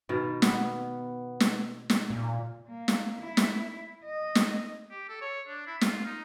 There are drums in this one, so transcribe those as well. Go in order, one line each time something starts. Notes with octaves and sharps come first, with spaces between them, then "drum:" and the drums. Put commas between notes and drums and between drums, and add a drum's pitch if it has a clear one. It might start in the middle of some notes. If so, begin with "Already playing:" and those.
B2 D#3
B3, drum: snare
drum: snare
drum: snare
A#2
A#3
drum: snare
E4
drum: snare
D#5
drum: snare
G4
A4
C#5
D4
E4
F4, drum: snare
D#4